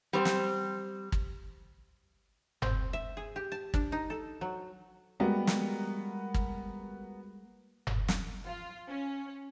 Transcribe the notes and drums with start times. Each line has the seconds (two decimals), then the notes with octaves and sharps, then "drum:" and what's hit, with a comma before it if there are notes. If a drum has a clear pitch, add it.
0.13 G3 C4 C5
0.25 drum: snare
1.12 drum: kick
2.62 C4, drum: tom F#1
2.93 E5
3.17 G#4
3.36 G4
3.52 A5
3.74 D4, drum: kick
3.92 D#4
4.10 A4
4.41 F#3
5.20 G3 G#3 A#3 B3 F#4 A#4
5.47 drum: snare
6.34 drum: kick
7.87 drum: tom F#1
8.08 drum: snare
8.47 F4
8.87 C#4